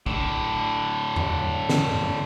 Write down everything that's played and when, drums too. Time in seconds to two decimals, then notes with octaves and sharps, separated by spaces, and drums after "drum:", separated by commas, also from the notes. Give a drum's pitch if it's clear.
0.06 A2 D3, drum: kick
1.16 drum: tom E2
1.70 drum: snare
1.94 drum: tom G2